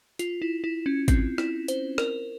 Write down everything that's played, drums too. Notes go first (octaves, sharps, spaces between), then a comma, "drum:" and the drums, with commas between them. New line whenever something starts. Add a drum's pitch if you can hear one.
F4, drum: hi-hat
E4
E4
C#4
C4, drum: kick, hi-hat
E4, drum: rim click
C5, drum: hi-hat
A#4, drum: rim click